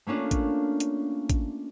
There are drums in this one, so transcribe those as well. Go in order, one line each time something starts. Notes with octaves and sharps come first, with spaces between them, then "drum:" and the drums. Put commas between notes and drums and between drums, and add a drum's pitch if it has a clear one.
A3 A#3 C#4 D4 F4
drum: kick, hi-hat
drum: hi-hat
drum: kick, hi-hat